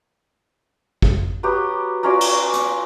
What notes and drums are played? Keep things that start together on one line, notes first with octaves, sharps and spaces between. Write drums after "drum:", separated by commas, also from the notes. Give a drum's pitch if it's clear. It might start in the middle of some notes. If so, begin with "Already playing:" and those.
drum: kick
F#3 B3 G4
F#3 C#4 F4 D5
drum: cymbal
drum: hi-hat